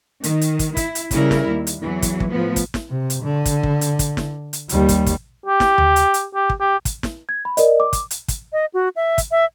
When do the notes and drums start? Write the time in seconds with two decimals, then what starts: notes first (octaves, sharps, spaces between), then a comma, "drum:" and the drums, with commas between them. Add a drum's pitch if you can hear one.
0.24 D#3, drum: hi-hat
0.41 drum: hi-hat
0.59 drum: kick, hi-hat
0.77 E4, drum: kick, hi-hat
0.95 drum: hi-hat
1.11 C#3 G3 E4 A#4, drum: kick, hi-hat
1.31 drum: snare
1.49 D#2
1.67 drum: hi-hat
1.81 E2 E3 F#3
2.02 drum: kick, hi-hat
2.20 drum: kick
2.31 A2 F3 B3
2.56 drum: kick, hi-hat
2.74 drum: snare
2.89 C3
3.10 drum: hi-hat
3.23 D3
3.45 drum: kick, hi-hat
3.63 drum: kick
3.81 drum: hi-hat
3.99 drum: kick, hi-hat
4.17 drum: snare
4.53 drum: hi-hat
4.69 D#2 G3, drum: hi-hat
4.89 drum: kick, hi-hat
5.06 drum: kick, hi-hat
5.46 G4
5.60 drum: snare
5.78 drum: tom D#2
5.96 drum: hi-hat
6.14 drum: hi-hat
6.35 G4
6.50 drum: kick
6.61 G4
6.85 drum: kick, hi-hat
7.03 drum: snare
7.29 G#6
7.45 B5
7.57 A#4 D5 D#5, drum: hi-hat
7.80 D6
7.93 drum: kick, hi-hat
8.11 drum: hi-hat
8.28 drum: kick, hi-hat
8.53 D#5
8.74 F#4
8.96 E5
9.18 drum: kick, hi-hat
9.31 E5